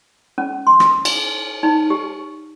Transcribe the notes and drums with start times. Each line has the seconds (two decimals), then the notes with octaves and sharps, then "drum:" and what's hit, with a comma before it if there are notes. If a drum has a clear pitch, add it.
0.38 C#4
0.67 C6
0.80 drum: rim click
1.05 drum: cymbal
1.63 D#4
1.90 G4